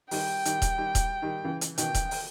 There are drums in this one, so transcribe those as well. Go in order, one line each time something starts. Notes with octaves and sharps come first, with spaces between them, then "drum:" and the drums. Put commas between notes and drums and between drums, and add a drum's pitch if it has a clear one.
D#3 G3 G5, drum: open hi-hat
D#3 G3, drum: hi-hat
drum: kick D#1, hi-hat
D#3 G3
drum: kick D#1, hi-hat
D#3 G3
C#3 E3
drum: hi-hat
B2 D#3 G5, drum: hi-hat
drum: kick D#1, hi-hat
drum: open hi-hat